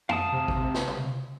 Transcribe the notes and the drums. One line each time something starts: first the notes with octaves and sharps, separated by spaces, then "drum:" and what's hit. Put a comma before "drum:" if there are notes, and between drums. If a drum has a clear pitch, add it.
F5 A5 D#6, drum: tom
C3
drum: kick G#1
drum: snare
drum: tom